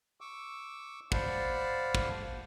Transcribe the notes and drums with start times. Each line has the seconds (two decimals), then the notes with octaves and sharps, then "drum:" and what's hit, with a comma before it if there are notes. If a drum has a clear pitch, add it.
0.21 C#6 D6 E6
1.12 C5 D5 F5 F#5 A5 B5, drum: kick
1.95 drum: kick